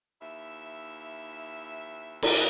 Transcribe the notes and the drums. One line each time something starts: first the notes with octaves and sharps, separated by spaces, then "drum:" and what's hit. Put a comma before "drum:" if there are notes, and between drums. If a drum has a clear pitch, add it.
D#2 E4 E5
drum: cymbal